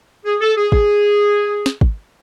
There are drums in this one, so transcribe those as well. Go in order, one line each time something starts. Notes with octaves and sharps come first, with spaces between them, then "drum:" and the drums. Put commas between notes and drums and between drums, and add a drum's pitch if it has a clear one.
G#4
A4
G#4
G#4, drum: kick
drum: snare
drum: kick